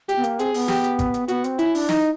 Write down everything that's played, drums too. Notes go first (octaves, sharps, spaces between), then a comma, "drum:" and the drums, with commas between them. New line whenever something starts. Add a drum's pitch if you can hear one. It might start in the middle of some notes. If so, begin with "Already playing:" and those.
G4, drum: hi-hat
B3
A#3, drum: hi-hat
C4 G#4, drum: hi-hat
B3, drum: open hi-hat
G4, drum: snare
drum: hi-hat
drum: kick G#1, hi-hat
drum: hi-hat
B3 F#4, drum: hi-hat
C4, drum: hi-hat
C#4 E4, drum: hi-hat
D4, drum: open hi-hat
D#4, drum: snare